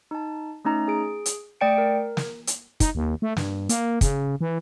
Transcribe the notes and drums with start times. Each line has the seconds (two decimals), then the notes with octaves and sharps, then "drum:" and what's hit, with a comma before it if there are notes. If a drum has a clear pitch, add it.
0.11 D#4 A5
0.65 A3 C#4 D#4 A#5
0.88 G#4 D7
1.26 drum: hi-hat
1.61 A3 D5 G5 C#7 D7
1.78 A#4
2.17 drum: snare
2.47 drum: hi-hat
2.80 D#4, drum: kick, hi-hat
2.95 D#2
3.22 A3
3.37 G2, drum: snare
3.69 A#3, drum: hi-hat
4.01 C#3, drum: kick, hi-hat
4.41 E3